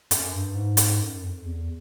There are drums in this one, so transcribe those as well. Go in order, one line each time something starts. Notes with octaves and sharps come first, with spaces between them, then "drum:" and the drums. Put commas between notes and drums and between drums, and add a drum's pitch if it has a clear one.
F#2, drum: hi-hat
G2
G#2
drum: hi-hat
F#2
F2
E2